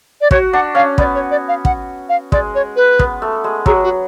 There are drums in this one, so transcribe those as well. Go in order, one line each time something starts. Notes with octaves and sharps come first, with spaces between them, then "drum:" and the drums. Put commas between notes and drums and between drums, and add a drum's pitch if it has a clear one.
D5
F#4 C#5, drum: kick
D4 F#5
C#4 F5
B3 D5, drum: kick
C#5
D5
F5
F#5, drum: kick
F5
G#3 D5, drum: kick
C#5
B4
B3, drum: kick
A3
G#3
F#3 G#4, drum: kick
F#4